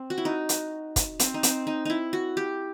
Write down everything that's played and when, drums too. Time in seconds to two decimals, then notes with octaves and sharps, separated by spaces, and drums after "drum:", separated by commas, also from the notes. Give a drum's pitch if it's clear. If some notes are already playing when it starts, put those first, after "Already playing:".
Already playing: C4
0.10 F#4
0.18 E4
0.25 D#4
0.49 drum: hi-hat
0.96 drum: kick, hi-hat
1.19 C4, drum: hi-hat
1.34 D#4
1.43 C4, drum: hi-hat
1.67 D#4
1.85 D#4 E4
2.13 F#4
2.37 G4